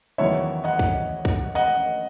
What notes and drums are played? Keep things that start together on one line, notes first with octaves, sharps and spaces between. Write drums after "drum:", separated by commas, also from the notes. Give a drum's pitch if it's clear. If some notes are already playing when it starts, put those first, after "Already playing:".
E2 D#3 F#3 B3 E4 C#5 E5
D#5 F#5
drum: kick
drum: kick
D#5 F#5